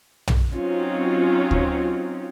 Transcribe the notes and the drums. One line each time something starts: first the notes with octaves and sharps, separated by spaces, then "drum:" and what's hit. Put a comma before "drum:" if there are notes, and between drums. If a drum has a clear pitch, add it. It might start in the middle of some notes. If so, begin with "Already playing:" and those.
drum: tom
F#3 C4 C#4 D#4 F4
drum: kick D2